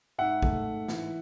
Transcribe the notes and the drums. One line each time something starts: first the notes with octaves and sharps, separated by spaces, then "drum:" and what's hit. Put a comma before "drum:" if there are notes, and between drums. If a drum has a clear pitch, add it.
G#2 E5 F#5
A3, drum: kick G#1
G#2
E3, drum: snare